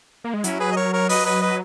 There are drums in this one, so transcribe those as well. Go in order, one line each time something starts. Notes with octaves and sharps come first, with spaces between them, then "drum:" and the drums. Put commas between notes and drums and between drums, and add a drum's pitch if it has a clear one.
A#3
G#3
F#3 C#4 E4, drum: hi-hat
G#4 B4
D#5
A#4 C#5
A#4 C#5
B4 D#5, drum: open hi-hat
B4 D#5
B4 D#5